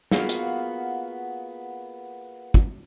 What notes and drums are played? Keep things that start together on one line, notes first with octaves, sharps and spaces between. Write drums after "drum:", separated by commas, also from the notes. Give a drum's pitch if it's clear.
A#3 B3 F4 F#4 G#4 F5, drum: snare
drum: hi-hat
drum: kick